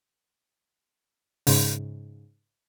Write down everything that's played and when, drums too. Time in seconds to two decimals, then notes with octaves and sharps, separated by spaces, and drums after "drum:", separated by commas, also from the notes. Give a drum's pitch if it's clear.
1.47 G#2 C#3, drum: open hi-hat